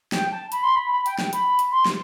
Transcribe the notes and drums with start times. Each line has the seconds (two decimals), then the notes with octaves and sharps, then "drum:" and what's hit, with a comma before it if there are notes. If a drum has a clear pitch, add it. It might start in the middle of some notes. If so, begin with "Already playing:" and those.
0.12 G5, drum: snare
0.32 A5
0.52 B5, drum: hi-hat
0.64 C6
0.76 B5
0.92 B5
1.06 G5, drum: hi-hat
1.19 G5, drum: snare
1.33 B5, drum: hi-hat
1.59 drum: hi-hat
1.72 C6
1.85 drum: snare